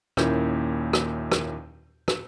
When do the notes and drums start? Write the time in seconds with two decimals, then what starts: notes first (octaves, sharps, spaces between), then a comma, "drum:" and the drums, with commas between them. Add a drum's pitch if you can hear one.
0.17 D#2 A#2 C#4 E4 A#4 G6, drum: rim click
0.93 drum: rim click
1.32 drum: rim click
2.08 drum: rim click